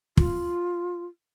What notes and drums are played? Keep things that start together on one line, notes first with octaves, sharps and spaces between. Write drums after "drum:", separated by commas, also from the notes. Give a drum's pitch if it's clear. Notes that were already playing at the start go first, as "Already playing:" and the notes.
F4, drum: kick